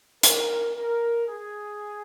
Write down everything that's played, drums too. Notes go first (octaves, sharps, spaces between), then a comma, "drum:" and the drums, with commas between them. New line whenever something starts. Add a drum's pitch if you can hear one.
A#4, drum: hi-hat
A#4
G#4